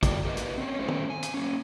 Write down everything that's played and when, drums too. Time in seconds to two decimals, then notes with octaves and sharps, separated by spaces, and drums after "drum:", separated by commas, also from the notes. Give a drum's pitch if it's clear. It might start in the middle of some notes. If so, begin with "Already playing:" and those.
0.03 F#4 A4 D5 G5, drum: kick, hi-hat
0.25 G4 A#4 B4 D#5
0.37 drum: hi-hat
0.58 C4 C#4
0.79 A3 C#4 A#4 C5
0.88 drum: tom
1.10 G#5
1.23 drum: hi-hat
1.34 A#3 C#4